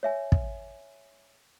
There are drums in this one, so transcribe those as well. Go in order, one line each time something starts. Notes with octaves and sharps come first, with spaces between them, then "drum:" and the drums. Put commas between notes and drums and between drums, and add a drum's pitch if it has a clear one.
C#5 E5 G#5
drum: kick